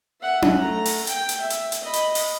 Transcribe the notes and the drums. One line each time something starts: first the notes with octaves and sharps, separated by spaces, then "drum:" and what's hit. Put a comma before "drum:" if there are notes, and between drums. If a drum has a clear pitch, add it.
E5 F#5
drum: tom C#4
A3 A#5
drum: open hi-hat
G5, drum: hi-hat
drum: hi-hat
E5
drum: hi-hat
drum: hi-hat
D#5 B5
drum: hi-hat
drum: open hi-hat